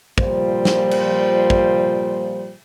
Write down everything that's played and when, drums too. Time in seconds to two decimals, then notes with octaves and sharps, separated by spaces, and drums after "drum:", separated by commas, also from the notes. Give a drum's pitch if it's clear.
0.18 A#2 F3 G3 C5, drum: kick
0.65 drum: snare
0.91 drum: cymbal
1.50 drum: kick